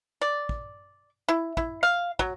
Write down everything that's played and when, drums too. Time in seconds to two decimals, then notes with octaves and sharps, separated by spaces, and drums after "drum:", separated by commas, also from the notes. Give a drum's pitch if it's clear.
0.21 D5
0.49 drum: kick
1.28 E4
1.57 E4, drum: kick
1.83 F5
2.19 F#3, drum: kick